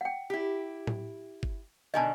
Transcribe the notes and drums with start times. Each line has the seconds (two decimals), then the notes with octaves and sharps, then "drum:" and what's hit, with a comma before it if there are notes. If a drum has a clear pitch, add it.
0.01 F#5 G5
0.30 E4 G4
0.87 drum: tom A2
1.43 drum: kick G1
1.94 B2 D3 D#3 D#5 G#5 A5